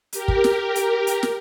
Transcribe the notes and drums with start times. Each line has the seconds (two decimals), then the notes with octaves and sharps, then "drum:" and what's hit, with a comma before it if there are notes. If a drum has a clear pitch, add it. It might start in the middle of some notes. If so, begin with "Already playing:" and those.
0.13 G4 A#4, drum: hi-hat
0.28 drum: kick
0.44 drum: snare
0.75 drum: hi-hat
1.07 drum: hi-hat
1.23 drum: snare